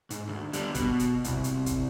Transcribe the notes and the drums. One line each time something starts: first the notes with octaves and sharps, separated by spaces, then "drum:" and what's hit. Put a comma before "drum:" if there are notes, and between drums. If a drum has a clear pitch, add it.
G#2, drum: hi-hat
D2
D3 G3, drum: hi-hat
B2, drum: kick, hi-hat
drum: hi-hat
C2, drum: kick, hi-hat
drum: hi-hat
drum: kick, hi-hat